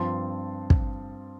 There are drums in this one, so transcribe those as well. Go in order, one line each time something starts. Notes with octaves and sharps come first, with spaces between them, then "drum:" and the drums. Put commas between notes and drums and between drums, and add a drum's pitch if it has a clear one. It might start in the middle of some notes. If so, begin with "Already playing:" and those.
Already playing: G2 F3 C4 A5 C6
drum: kick